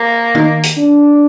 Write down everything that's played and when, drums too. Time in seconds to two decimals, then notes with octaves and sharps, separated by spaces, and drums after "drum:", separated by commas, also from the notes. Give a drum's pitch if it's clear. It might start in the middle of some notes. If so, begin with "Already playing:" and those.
Already playing: A#3
0.35 D#4, drum: tom
0.63 drum: hi-hat
0.77 D4